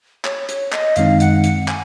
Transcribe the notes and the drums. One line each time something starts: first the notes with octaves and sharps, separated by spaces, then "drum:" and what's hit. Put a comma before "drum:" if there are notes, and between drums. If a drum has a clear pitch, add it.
C#5, drum: clap
C#5, drum: hi-hat
D#5, drum: clap
F#2 D#3 G#3 C4 D#4 F5, drum: hi-hat
F#5, drum: hi-hat
F#5, drum: hi-hat
G#5, drum: clap